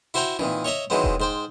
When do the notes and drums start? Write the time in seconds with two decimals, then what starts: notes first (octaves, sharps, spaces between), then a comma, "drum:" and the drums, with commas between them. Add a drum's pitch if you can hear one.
0.14 E4 F#4 C5 E5 G5 A#5
0.39 A#2 D#3 E3, drum: tom C4
0.65 C#5 D#5 E5 A#5
0.90 D#3 E3 F#3 G#3 B3 C4
1.04 drum: kick E1
1.20 G#2 C5 G5